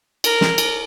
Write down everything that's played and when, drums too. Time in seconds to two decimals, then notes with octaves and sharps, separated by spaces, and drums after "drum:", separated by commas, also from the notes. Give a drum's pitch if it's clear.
0.24 A#4, drum: cymbal
0.41 drum: snare
0.58 drum: cymbal